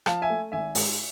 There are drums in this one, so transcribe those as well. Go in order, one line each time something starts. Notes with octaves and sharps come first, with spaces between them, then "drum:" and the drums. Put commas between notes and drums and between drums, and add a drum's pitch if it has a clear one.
F3 F5 A5, drum: rim click
E5 G#5
A3
G#1 E5 G#5
G#2, drum: open hi-hat